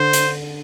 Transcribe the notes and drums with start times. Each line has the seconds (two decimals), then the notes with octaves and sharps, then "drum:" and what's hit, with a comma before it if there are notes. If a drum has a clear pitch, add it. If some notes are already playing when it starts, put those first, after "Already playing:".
Already playing: D3 C5
0.13 drum: hi-hat